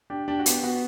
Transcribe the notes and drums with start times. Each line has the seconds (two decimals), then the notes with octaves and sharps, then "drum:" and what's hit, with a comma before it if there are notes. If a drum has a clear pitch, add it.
0.10 D4 G4
0.28 D4 G4
0.39 F#4
0.46 B3 G4, drum: hi-hat
0.63 B3 F#4